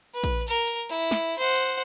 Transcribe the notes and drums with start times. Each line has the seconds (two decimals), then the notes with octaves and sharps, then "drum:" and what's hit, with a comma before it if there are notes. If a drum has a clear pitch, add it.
0.14 B4
0.24 drum: kick A#1, hi-hat
0.48 A#4, drum: hi-hat
0.67 drum: hi-hat
0.89 E4, drum: hi-hat
1.11 drum: snare
1.39 C5 F#5
1.55 drum: hi-hat